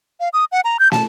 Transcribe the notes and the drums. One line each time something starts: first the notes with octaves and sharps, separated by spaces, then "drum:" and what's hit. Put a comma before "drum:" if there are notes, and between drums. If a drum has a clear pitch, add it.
F5
D#6
F#5
A#5
G6
A5, drum: snare